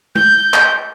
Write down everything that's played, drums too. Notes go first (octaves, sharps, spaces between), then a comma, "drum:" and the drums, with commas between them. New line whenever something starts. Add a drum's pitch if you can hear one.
G6, drum: tom
drum: clap